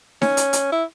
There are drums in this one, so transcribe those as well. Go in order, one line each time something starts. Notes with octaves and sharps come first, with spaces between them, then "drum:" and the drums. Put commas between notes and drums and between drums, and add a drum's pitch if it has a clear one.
C#4, drum: snare D#4
drum: hi-hat
drum: hi-hat
E4